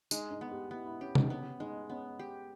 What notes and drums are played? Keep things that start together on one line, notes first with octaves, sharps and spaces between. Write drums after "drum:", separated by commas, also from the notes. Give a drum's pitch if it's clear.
G#3 D#4, drum: tambourine
D#4
B3
G4
B3 E4
E4
C#4 G4
D#4, drum: tom C3
B3 C#4
G#3 D#4
B3 C#4
G4